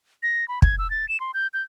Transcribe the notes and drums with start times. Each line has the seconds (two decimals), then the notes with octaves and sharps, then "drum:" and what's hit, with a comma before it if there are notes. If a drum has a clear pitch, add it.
0.23 A#6
0.48 B5
0.62 G#6, drum: kick
0.79 E6
0.90 A6
1.09 E7
1.20 C6
1.34 G6
1.54 G6